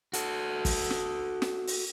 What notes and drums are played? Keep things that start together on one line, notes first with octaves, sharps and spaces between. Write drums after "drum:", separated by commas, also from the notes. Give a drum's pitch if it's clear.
F#4 A4, drum: hi-hat
drum: kick, open hi-hat
drum: snare
drum: snare
drum: open hi-hat